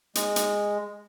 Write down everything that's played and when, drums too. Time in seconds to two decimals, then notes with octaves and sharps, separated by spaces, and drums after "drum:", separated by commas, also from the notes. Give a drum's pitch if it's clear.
0.15 G#3, drum: hi-hat
0.36 drum: hi-hat